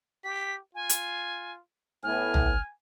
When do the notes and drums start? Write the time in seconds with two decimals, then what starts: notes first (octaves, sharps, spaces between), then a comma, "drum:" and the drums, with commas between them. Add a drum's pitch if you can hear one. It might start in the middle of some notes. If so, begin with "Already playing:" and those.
0.24 G4 B6
0.75 F4 G#5
0.89 drum: hi-hat
2.04 A2 B3 G#5 F6
2.34 drum: tom